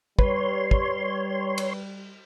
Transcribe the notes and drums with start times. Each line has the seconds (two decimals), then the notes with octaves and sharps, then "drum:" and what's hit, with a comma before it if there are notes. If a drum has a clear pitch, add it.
0.19 G3 B4 C#5 C6, drum: kick
0.71 drum: kick
1.58 drum: cymbal